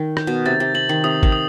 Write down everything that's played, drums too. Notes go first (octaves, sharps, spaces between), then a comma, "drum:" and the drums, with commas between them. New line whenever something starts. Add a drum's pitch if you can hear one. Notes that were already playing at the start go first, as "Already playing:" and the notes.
Already playing: D#3
G6, drum: rim click
B2
C3 A6
C3
C3 F#7
D#3
C3 D#6
D#3, drum: kick G#1
D#6